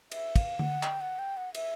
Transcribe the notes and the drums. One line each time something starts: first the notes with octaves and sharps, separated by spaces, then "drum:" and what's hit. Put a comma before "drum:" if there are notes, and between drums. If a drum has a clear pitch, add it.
E5, drum: cymbal
F5, drum: kick, cymbal
F#5, drum: tom D3
G5, drum: clap
F#5
G5
F#5
E5, drum: cymbal